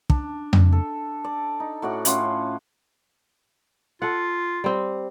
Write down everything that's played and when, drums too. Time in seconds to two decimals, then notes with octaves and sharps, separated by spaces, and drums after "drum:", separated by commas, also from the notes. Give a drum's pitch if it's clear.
0.10 D4, drum: kick
0.53 drum: tom F2
0.72 A4
1.24 D5
1.60 D#4
1.82 A2 F#4 D5 F#5
2.05 A2 C#4 F4 F#5, drum: hi-hat
4.02 F4 A4 F#5
4.64 G3 C4